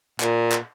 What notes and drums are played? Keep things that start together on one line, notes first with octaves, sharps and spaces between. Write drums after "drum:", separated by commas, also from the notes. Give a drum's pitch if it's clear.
A#2, drum: clap
drum: clap